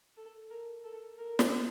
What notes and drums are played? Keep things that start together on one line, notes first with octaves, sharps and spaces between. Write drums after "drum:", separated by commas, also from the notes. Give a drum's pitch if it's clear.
A4
A#4
A4
A#4
drum: snare